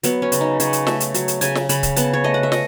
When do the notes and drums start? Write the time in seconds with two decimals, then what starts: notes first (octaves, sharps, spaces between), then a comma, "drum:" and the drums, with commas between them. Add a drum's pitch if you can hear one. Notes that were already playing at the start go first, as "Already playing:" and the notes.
0.03 F#3 B3, drum: hi-hat
0.22 C#4
0.32 C#3, drum: hi-hat
0.41 D#4
0.60 C#3 C#5, drum: hi-hat
0.73 drum: hi-hat
0.87 A3 E5, drum: snare
1.00 drum: hi-hat
1.14 F#3, drum: hi-hat
1.28 drum: hi-hat
1.41 C#3 G#5, drum: hi-hat
1.55 drum: snare
1.69 C#3 B5, drum: hi-hat
1.83 drum: kick C#1, hi-hat
1.96 B3 A5, drum: hi-hat
2.13 C#5
2.24 A3 D#5
2.34 F#5
2.43 E5
2.52 D#5, drum: snare